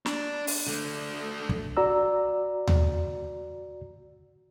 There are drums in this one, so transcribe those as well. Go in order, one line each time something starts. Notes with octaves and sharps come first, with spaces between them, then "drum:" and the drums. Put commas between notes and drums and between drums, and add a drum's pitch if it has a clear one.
D4, drum: snare
drum: open hi-hat
D3 A3
drum: kick
F#4 D5 A#5 E6
drum: tom D#2